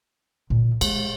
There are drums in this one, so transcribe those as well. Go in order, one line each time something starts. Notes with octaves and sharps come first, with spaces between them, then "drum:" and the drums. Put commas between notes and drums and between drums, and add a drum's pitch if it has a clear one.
A#2
G#3, drum: cymbal